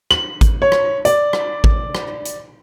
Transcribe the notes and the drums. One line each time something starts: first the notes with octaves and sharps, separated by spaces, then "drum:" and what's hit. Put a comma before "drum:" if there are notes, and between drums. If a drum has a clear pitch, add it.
F#7, drum: rim click
drum: kick G#1, hi-hat
C#5
drum: rim click
D5, drum: hi-hat
drum: rim click
drum: kick G#1
drum: rim click
drum: hi-hat